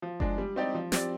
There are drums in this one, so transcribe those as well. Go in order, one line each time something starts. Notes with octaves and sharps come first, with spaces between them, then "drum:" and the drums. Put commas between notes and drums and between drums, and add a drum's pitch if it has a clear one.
F3
G#3 D4, drum: kick F#1
G3
C4 D#4 G4 D5
F3
C4 G4 D5, drum: snare